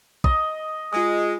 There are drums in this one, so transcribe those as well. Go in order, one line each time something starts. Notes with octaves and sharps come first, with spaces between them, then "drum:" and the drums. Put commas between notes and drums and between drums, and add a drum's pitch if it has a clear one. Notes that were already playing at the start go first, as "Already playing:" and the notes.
D#5, drum: kick
G#3 F4 D#6